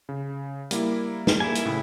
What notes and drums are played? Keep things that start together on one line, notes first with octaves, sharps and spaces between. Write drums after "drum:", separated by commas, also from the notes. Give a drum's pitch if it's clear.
C#3
G3 A#3 E4, drum: hi-hat
drum: snare
G3 A#3 E4 G#5
drum: hi-hat
A2 C#3